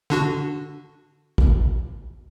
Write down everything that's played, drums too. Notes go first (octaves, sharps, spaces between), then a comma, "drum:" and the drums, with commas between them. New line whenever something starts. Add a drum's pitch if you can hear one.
D3 D4 F#4
drum: kick